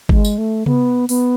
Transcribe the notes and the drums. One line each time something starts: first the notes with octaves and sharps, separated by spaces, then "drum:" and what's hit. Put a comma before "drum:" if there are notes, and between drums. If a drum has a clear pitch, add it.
G#3, drum: kick G1
drum: tambourine
A3
B3, drum: tom C3
B3, drum: open hi-hat